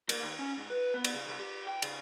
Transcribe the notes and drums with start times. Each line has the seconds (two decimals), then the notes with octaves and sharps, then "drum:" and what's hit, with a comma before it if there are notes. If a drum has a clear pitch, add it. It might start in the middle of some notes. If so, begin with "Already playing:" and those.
0.09 A#3, drum: cymbal
0.23 D#2
0.39 C#4
0.58 G#2
0.70 B4
0.94 B3
1.04 drum: cymbal
1.14 C#3
1.28 C2
1.39 G4
1.67 G5
1.82 C#3, drum: cymbal